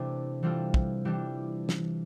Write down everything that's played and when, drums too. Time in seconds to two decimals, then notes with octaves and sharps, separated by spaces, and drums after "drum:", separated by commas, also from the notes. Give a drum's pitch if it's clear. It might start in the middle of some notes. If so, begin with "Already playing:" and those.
Already playing: C3 E3 A3 D4
0.43 E3 G3 C4 F4 A4
0.74 drum: kick
1.05 E3 G3 D4 G4
1.69 drum: snare